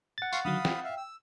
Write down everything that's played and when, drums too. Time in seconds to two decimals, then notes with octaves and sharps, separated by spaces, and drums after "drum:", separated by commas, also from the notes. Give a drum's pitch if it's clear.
0.18 F#5 A6
0.32 F5 C6 C#6, drum: tambourine
0.45 D3 D#3 F#3 F5 B5 D#6
0.65 G5, drum: snare
0.84 E5 F5
0.97 E6